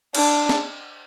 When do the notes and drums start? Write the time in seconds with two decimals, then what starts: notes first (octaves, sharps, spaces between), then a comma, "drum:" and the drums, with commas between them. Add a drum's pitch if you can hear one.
0.15 D4, drum: cymbal
0.49 drum: snare